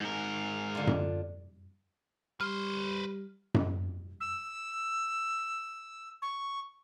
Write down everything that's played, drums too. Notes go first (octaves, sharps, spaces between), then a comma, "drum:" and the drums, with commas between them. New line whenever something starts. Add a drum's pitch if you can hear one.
G#2 A#4
D3 F4
drum: tom F#2
G3 B4 C5 F6
drum: tom F#2
E6
C#6